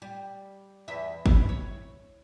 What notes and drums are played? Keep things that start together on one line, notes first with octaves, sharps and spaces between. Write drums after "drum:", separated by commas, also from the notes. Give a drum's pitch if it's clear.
G3
E2 E5
E4, drum: kick G1
C#5